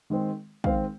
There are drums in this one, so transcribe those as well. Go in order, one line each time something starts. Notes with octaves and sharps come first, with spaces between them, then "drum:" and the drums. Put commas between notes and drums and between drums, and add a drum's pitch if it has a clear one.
D#3 G#3 C4
D#3 G#3 C4 F5, drum: kick